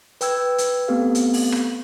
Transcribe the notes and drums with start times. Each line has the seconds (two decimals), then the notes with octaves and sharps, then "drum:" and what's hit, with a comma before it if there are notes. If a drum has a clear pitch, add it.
0.21 B4 G5 E6 G#6, drum: hi-hat
0.58 drum: hi-hat
0.88 A3 B3 C4 G4 A4 F5
1.15 drum: hi-hat
1.34 drum: open hi-hat
1.52 drum: rim click